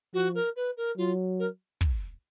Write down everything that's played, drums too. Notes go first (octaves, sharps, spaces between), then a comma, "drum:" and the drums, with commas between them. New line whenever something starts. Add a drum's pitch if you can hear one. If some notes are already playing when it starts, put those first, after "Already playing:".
F3 F#4
A#4
B4
A#4
F#3 F4
A#4
drum: kick